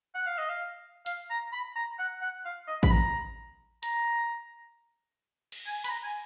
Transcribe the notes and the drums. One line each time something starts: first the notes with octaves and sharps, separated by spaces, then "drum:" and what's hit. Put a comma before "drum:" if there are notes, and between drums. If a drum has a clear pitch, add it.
F#5
F5
D#5
F5
F5, drum: hi-hat
A#5
B5
A#5
F#5
F#5
F5
D#5
B5, drum: kick A1
A#5
A#5, drum: hi-hat
drum: cymbal
G#5
B5, drum: hi-hat
A#5
G#5